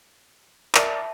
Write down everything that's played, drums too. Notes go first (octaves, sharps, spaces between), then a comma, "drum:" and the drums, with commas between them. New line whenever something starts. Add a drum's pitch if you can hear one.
A#4 D5 E5 A5, drum: clap